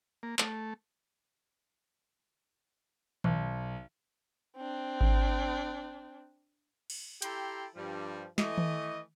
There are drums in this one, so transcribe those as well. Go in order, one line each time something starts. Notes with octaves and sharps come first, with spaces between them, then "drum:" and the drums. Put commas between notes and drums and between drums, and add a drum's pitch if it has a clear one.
A#3
A3, drum: clap
B1, drum: tom D#3
C4 D4
drum: kick G#1
drum: cymbal
E4 G4 A4 G5 A#5 C6, drum: hi-hat
G2 F3 G3
E3 A3 D#5, drum: snare
drum: tom D#3